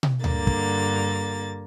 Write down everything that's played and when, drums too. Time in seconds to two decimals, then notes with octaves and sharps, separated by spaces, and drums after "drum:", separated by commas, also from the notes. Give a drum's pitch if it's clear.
0.03 drum: tom
0.24 G2 D3 A#3 A6, drum: tom D2
0.47 drum: kick